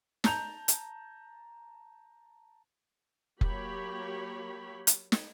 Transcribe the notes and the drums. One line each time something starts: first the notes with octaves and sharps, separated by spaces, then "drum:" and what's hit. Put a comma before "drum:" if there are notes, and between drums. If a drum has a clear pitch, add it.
A5 A#5 G6 F7, drum: snare
drum: hi-hat
F#3 A#3 G4 C#5 B5, drum: kick F1
drum: hi-hat
drum: snare